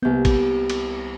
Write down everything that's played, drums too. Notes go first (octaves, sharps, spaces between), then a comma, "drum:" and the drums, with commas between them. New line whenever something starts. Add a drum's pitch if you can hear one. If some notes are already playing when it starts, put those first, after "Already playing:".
C2 A#3 B3 G6
drum: kick, cymbal
drum: cymbal